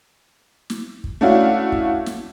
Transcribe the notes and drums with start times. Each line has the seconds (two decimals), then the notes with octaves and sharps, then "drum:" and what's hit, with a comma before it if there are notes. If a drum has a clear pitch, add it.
0.70 drum: snare
1.04 drum: kick
1.21 A3 C#4 D4 E4 F#4 F5
1.72 drum: kick
2.06 drum: snare